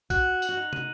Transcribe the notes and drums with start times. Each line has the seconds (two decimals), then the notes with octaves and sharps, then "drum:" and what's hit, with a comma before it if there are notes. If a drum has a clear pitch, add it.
0.10 F#4 F#6, drum: kick, tambourine
0.42 F#7, drum: tambourine
0.49 F#4
0.57 D#4
0.73 D#7, drum: tom